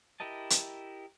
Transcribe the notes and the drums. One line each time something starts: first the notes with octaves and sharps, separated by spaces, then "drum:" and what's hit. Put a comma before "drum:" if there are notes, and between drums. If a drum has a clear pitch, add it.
E4 G4 A#4 D#5 A5
drum: hi-hat